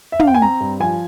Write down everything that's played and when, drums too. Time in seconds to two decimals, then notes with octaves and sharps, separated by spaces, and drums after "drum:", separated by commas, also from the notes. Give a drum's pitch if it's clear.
0.12 E5
0.20 F5, drum: tom
0.27 G5
0.34 G#5
0.41 C4 A#5
0.60 G2
0.80 F3 G#5